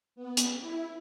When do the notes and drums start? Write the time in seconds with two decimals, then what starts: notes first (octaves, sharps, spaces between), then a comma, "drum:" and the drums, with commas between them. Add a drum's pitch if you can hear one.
0.16 B3
0.37 drum: hi-hat
0.60 E4